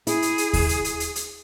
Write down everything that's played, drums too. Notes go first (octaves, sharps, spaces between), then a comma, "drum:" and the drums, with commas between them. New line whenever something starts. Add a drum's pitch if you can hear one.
E4 G#4, drum: hi-hat
drum: hi-hat
drum: hi-hat
drum: kick D#2, open hi-hat
drum: hi-hat
drum: hi-hat
drum: hi-hat
drum: hi-hat